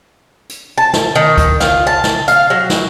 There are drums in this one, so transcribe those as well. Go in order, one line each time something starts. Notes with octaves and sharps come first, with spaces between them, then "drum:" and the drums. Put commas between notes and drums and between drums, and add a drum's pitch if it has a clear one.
drum: hi-hat
A5
drum: snare
D#3
drum: kick C2, hi-hat
F4, drum: snare
A5
drum: snare
F5, drum: hi-hat
F#3
drum: snare